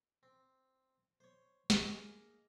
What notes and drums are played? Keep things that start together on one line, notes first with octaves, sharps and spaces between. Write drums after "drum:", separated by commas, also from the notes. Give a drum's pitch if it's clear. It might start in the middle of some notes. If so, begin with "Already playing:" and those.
C4
C5 C#5
drum: snare
A#3 D#4 G#4